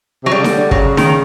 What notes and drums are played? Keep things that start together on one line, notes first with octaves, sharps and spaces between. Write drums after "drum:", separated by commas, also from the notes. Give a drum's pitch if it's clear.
C3
F#3
C#3 G3
D3, drum: snare D#4
D3
C#3 F#3, drum: kick
D#3, drum: snare D#4